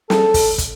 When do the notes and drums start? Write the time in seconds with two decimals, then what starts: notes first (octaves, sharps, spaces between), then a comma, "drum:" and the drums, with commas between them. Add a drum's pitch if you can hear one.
0.10 A4, drum: snare
0.34 drum: kick, open hi-hat
0.58 drum: kick, hi-hat